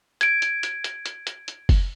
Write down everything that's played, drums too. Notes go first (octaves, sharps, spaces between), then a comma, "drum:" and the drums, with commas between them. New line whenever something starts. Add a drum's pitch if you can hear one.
G#6 D7, drum: hi-hat
drum: hi-hat
drum: hi-hat
drum: hi-hat
drum: hi-hat
drum: hi-hat
drum: hi-hat
drum: kick F#1, open hi-hat